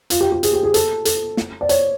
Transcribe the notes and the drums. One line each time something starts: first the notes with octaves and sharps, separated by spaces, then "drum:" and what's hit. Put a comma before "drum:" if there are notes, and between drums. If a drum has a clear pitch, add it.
F4, drum: hi-hat
G4
G4
G#4, drum: hi-hat
G4
G#4
A4, drum: hi-hat
A4, drum: hi-hat
drum: snare
D5
C#5, drum: hi-hat